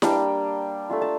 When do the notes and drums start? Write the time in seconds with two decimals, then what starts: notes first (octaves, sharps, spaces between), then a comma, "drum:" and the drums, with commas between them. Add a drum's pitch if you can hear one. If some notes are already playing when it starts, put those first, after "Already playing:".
0.02 G3 A#3 D4 G5, drum: snare E4
0.90 A3 D4 F4
1.02 A5